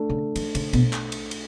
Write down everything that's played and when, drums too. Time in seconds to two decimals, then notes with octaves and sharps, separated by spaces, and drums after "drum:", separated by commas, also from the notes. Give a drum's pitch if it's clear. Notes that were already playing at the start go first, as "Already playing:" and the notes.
Already playing: A3 D4 A4
0.09 C#3
0.36 E3, drum: cymbal
0.55 C#3, drum: cymbal
0.73 B2, drum: kick, cymbal
0.93 drum: clap
1.12 drum: cymbal
1.31 drum: cymbal